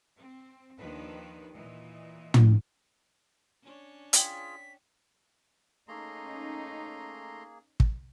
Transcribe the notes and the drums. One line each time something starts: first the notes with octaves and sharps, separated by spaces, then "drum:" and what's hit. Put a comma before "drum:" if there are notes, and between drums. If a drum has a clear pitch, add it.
C4
D#2 D#3 F3 A#3 D4 B4
A#2 E3 D#5
drum: tom
C#4 D4 C#5
F4 G#4 D5 G5 B6, drum: hi-hat
A3 A#3 C#4 D#4 G#4 A#5 C6
drum: kick